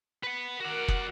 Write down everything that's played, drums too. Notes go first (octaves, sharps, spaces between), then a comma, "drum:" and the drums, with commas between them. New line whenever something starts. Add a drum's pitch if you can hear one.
B4 F#5
F#4 A#4 D5 F#5
drum: kick